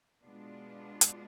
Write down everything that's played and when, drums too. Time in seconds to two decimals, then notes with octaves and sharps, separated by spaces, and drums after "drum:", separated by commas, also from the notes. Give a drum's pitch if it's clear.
0.24 B2 G#3 B3 D4 F4
1.01 drum: hi-hat